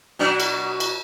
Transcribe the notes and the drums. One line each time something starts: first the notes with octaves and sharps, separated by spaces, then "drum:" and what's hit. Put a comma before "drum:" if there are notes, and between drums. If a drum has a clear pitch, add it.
B2 F#3 D4
drum: cymbal
drum: cymbal